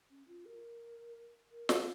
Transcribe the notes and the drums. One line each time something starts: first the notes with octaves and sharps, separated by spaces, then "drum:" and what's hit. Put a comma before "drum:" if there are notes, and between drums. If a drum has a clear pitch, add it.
C#4
F4
A#4
A#4
G#4, drum: snare